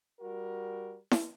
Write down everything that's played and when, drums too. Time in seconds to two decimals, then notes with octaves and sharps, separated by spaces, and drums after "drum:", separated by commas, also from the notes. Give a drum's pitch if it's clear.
0.20 G3 F#4 A#4
1.11 drum: snare E4